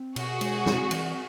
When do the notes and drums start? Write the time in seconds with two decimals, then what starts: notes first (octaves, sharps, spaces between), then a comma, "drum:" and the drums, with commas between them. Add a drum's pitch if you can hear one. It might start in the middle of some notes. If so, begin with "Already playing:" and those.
Already playing: C4
0.16 B2 F#4 G#4, drum: cymbal
0.41 G#3, drum: cymbal
0.66 C4, drum: snare
0.91 E3, drum: cymbal